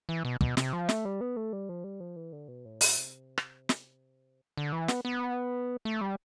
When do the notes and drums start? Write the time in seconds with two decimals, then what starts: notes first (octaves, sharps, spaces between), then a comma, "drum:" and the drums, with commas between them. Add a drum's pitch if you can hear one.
0.09 E3
0.25 B2
0.41 B2, drum: kick
0.57 C3, drum: snare
0.73 F3
0.89 A3, drum: snare
1.05 G3
1.21 B3
1.36 A3
1.53 G3
1.69 F3
1.84 G3
2.00 F3
2.16 E3
2.32 D3
2.48 B2
2.65 A2
2.81 drum: open hi-hat
2.97 C3
3.38 drum: rim click
3.69 drum: snare
4.57 D3
4.73 E3
4.88 B3, drum: snare
5.05 B3
5.85 A3
6.01 G3